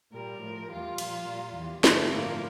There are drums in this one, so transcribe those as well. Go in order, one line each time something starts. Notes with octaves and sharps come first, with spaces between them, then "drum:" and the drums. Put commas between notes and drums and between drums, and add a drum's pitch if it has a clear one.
A#2 G3 A#4
A2 F3
E2 E3 G3 F4
A#2 F3, drum: cymbal
A#2 G3
E2 E3 G3
G2 D3 G3 A3, drum: snare
A2 A#3
F3